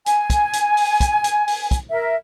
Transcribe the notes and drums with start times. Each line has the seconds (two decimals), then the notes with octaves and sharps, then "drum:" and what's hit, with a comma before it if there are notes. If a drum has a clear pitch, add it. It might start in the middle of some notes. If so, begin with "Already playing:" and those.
0.06 G#5, drum: hi-hat
0.30 drum: kick, hi-hat
0.53 drum: hi-hat
0.77 drum: open hi-hat
1.00 drum: kick, hi-hat
1.24 drum: hi-hat
1.48 drum: open hi-hat
1.71 drum: kick, hi-hat
1.90 A#4 E5